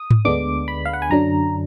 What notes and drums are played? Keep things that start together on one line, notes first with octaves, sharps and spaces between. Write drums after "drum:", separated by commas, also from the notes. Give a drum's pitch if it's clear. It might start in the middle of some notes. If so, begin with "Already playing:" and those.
Already playing: D#6
drum: tom G#2
D2 D3 G#3 B3 D4 D6
B5
F5
F#5
G#5
F#2 D3 F#3 D4 A#5